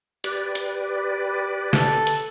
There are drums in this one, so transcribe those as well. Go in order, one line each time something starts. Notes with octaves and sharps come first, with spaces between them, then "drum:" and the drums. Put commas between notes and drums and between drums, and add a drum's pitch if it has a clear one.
G4 B4 D5, drum: hi-hat
drum: hi-hat
A4, drum: snare
drum: hi-hat